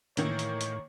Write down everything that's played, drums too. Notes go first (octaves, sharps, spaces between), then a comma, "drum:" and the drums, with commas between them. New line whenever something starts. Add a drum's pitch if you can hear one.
A2 D#3 E3 A#3 C#5, drum: hi-hat
drum: hi-hat
drum: hi-hat